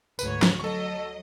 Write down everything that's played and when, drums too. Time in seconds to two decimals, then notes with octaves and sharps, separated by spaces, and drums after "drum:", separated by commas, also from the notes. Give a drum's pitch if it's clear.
0.19 D2 G#2 B4 C#5, drum: tambourine
0.43 drum: snare
0.60 F#3 A4 D#5 C#6